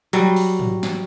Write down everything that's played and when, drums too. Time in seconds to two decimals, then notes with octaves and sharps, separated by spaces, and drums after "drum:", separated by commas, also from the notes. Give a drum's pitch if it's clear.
0.13 F#3 G3, drum: hi-hat
0.36 drum: open hi-hat
0.60 drum: tom
0.83 drum: snare